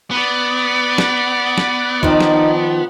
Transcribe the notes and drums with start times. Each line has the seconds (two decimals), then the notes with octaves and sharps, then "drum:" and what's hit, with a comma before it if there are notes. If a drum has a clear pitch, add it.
0.11 B3 D5 B5
0.98 drum: snare
1.58 drum: snare
2.03 D#3 F3 D#4, drum: kick
2.20 drum: snare